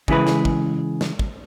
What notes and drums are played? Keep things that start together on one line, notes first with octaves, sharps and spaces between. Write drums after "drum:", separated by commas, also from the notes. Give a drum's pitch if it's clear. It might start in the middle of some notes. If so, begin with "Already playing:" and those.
C#3 E3 G#3 E4 G#4 B4, drum: kick
drum: snare
drum: kick
drum: snare
drum: kick